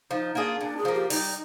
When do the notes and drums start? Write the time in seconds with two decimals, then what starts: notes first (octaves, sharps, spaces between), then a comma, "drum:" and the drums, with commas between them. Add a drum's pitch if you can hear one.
0.11 F3 D#4
0.35 A#3 D4 F4 G#4
0.60 A#2 D4
0.77 G#4
0.85 F3 A#3
0.94 G4
1.10 G3 D#4, drum: open hi-hat